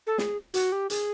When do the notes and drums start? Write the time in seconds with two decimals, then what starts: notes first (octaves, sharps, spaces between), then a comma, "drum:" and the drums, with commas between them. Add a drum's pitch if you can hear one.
0.07 A4
0.18 G#4, drum: snare
0.54 F#4, drum: hi-hat
0.72 G4
0.90 G#4, drum: hi-hat